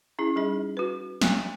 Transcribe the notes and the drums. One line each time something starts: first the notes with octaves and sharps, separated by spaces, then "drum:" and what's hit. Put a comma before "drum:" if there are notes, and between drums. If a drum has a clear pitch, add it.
C#4 E4 G#4
G3 D#4 G#4 D#5
F#4 B4
G#3 A#3, drum: snare